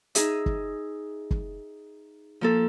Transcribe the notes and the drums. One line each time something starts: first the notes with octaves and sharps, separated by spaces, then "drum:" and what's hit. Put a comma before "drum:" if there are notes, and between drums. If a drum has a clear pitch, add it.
D#4 G#4 E5, drum: hi-hat
drum: kick
drum: kick
F3 A#3 A4